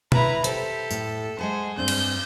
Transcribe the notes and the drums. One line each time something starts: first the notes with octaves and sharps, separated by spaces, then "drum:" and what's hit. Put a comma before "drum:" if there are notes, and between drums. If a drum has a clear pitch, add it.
E4 B4 A#5, drum: tom B2
G4 A4 C5, drum: hi-hat
A2, drum: tambourine
G#3 G#4 C5 F#5 A5
G2 C4 D4 G6
drum: cymbal